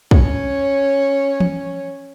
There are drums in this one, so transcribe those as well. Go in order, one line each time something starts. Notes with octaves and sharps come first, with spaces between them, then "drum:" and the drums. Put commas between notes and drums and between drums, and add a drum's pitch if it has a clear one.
C#4 C#5, drum: kick
drum: tom E3